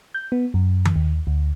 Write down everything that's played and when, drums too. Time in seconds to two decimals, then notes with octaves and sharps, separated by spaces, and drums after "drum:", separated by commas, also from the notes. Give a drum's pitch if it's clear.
0.14 G6
0.32 B3
0.54 F#2
0.85 drum: tom D#3
0.96 D#2
1.27 D2